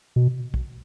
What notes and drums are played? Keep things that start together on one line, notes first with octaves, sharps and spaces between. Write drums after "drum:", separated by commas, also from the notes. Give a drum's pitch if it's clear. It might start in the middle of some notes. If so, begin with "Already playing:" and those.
B2
drum: kick